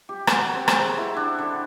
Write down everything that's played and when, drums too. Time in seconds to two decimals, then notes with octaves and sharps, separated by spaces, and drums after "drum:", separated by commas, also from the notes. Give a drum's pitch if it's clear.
0.09 G4
0.27 F#4, drum: rim click
0.54 C4
0.68 drum: rim click
0.79 G#4
0.98 E4
1.16 D4
1.39 D3